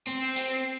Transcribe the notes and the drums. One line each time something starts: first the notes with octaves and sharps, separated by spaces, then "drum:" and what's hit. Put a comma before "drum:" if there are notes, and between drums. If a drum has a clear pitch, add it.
C4
drum: hi-hat